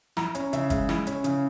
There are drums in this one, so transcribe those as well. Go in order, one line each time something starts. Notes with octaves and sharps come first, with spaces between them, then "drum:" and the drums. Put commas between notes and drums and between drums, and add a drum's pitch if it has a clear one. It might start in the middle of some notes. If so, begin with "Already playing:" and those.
E4 A#5, drum: snare
C#4, drum: hi-hat
C#3 E5, drum: hi-hat
G#3, drum: kick, hi-hat
E4, drum: snare
C#4, drum: hi-hat
C#3, drum: hi-hat